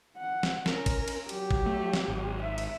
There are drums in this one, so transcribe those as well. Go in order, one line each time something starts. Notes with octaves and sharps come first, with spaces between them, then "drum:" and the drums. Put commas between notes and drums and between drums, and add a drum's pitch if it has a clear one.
F#5
drum: snare
C#4 A#4, drum: snare
drum: kick G#1, cymbal
drum: cymbal
F#3 G4, drum: cymbal
drum: kick G#1
A3
drum: snare
G#1
E5
drum: cymbal